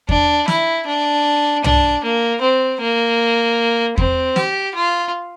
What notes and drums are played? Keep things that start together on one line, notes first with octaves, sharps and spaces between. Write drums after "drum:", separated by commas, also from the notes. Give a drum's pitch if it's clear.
D4, drum: kick E2
E4, drum: snare
D4
D4, drum: tom
A#3
C4
A#3
C4, drum: kick E2
G4, drum: snare
F4